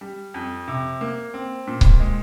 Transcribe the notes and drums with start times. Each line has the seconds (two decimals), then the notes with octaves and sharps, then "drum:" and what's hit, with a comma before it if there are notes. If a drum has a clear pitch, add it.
0.01 G3
0.34 F2
0.68 C3
1.01 A#3
1.34 C4
1.67 A#2
1.81 drum: kick C#1
2.00 G#3